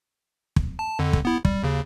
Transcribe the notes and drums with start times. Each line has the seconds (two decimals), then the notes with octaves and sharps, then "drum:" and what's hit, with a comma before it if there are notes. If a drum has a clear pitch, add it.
0.56 drum: kick
0.79 A5
0.99 F2 D3
1.13 drum: kick
1.25 B3 E4
1.45 G3, drum: kick
1.63 D#2 C#3